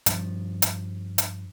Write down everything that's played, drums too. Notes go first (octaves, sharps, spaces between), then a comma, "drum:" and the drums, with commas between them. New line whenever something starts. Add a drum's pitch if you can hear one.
G2 F3, drum: hi-hat
drum: hi-hat
drum: hi-hat